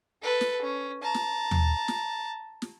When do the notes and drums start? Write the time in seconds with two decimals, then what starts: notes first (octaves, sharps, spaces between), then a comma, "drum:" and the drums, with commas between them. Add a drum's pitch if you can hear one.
0.22 A4 B4
0.41 drum: snare
0.62 C#4
1.02 A5 A#5
1.14 drum: snare
1.51 drum: tom D#2
1.88 drum: snare
2.62 drum: snare